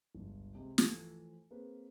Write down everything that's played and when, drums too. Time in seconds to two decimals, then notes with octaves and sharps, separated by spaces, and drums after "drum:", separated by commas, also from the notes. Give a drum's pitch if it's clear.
0.15 G1 C#2
0.55 C3 G#3
0.78 E3 F3 A3, drum: snare
1.51 A#3 C4 G#4 B4